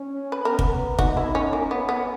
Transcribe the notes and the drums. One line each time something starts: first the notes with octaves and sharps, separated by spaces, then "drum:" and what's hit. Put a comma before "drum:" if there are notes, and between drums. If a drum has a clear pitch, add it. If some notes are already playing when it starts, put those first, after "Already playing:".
Already playing: C#4
B4
B3 A#4
drum: kick
D#4 F#4, drum: kick
E4
C#4
A#3 C#4
B3
B3